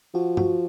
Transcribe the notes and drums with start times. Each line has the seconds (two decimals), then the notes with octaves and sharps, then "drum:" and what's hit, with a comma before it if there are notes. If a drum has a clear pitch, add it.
0.14 F3 F#4
0.37 F#4, drum: tom G2